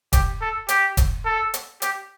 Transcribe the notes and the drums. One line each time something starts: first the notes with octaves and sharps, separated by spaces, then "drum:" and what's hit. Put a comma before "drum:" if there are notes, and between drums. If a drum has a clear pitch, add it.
G4, drum: kick E1, hi-hat
A4
G4, drum: hi-hat
drum: kick E1, hi-hat
A4
drum: hi-hat
G4, drum: hi-hat